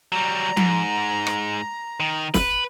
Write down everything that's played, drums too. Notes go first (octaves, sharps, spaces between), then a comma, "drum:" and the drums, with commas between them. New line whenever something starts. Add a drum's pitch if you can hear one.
F#3 G3 A#5
G#2, drum: tom F3
drum: rim click
D#3
B4, drum: snare